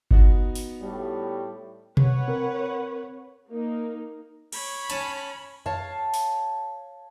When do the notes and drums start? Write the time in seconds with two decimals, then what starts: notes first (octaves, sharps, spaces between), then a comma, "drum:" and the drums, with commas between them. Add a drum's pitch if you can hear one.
0.11 B3 D#4 F#4, drum: kick G1
0.55 drum: open hi-hat
0.81 A2 G3
1.97 B4 C#5 F#5, drum: tom B2
2.28 C4 A#4
3.48 A#3 D#4
4.52 C#5 B5, drum: cymbal
4.90 C#4 A5, drum: hi-hat
5.66 C#5 F5 A5
6.14 drum: open hi-hat